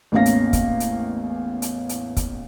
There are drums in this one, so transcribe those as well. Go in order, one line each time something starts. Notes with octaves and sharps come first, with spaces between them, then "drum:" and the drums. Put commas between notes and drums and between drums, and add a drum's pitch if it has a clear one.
A1 E2 A#3 C#4 F5 A#6
drum: hi-hat
drum: kick, hi-hat
drum: hi-hat
drum: hi-hat
drum: hi-hat
drum: kick, hi-hat